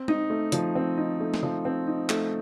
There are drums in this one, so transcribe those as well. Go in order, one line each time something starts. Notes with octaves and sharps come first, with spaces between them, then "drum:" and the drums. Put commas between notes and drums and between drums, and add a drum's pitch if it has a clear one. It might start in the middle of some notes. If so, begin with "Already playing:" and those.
Already playing: C4
D#4, drum: tom G#3
A3
F3, drum: hi-hat
C4
D#4
A3
drum: snare
F3
C4
D#4
A3, drum: clap